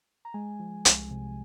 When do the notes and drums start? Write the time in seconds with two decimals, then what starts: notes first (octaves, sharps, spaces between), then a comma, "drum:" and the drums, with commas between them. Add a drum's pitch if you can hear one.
0.25 A#5
0.34 G#3 G#5
0.60 F3
0.85 C2, drum: hi-hat
1.11 C3